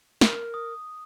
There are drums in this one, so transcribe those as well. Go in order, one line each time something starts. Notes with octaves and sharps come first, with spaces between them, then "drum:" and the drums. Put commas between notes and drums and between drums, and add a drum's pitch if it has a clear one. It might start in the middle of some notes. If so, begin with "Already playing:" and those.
A#4, drum: snare
D#6